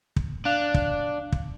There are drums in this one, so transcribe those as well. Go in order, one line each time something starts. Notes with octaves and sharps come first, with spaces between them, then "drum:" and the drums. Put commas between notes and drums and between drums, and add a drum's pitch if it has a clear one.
drum: kick
D4 F5 F#6 F7
drum: kick
drum: kick